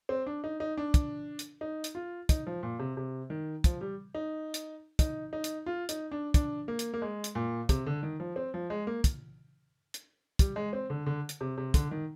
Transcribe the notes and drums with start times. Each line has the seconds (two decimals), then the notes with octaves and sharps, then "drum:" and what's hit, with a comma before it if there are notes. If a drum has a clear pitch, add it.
0.09 C4
0.26 D4
0.44 D#4
0.60 D#4
0.77 D4
0.94 drum: kick, hi-hat
1.39 drum: hi-hat
1.61 D#4
1.84 drum: hi-hat
1.95 F4
2.29 D#4, drum: kick, hi-hat
2.47 F3
2.63 A#2
2.79 C3
2.97 C3
3.30 D#3
3.64 F3, drum: kick, hi-hat
3.81 G3
4.15 D#4
4.54 drum: hi-hat
4.99 D#4, drum: kick, hi-hat
5.33 D#4
5.44 drum: hi-hat
5.66 F4
5.89 D#4, drum: hi-hat
6.11 D4
6.34 D4, drum: kick, hi-hat
6.68 A#3
6.79 drum: hi-hat
6.94 A#3
7.02 G#3
7.24 drum: hi-hat
7.35 A#2
7.69 C3, drum: kick, hi-hat
7.86 D3
8.03 D#3
8.20 F3
8.36 C4
8.54 F3
8.70 G#3
8.87 A#3
9.04 drum: kick, hi-hat
9.94 drum: hi-hat
10.39 G3, drum: kick, hi-hat
10.56 G#3
10.73 C4
10.90 D3
11.06 D3
11.29 drum: hi-hat
11.41 C3
11.58 C3
11.74 D3, drum: kick, hi-hat
11.91 D#3